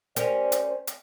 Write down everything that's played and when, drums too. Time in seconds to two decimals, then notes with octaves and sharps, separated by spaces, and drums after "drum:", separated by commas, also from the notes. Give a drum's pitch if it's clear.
0.16 C#4 G4 A#4 C5 D5, drum: hi-hat
0.52 drum: hi-hat
0.87 drum: hi-hat